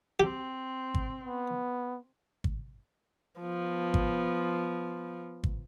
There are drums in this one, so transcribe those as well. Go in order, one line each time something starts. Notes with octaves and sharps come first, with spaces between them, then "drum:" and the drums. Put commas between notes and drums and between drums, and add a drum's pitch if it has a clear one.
C4 G4
drum: kick
B3
drum: kick
F3 B3
drum: kick
drum: kick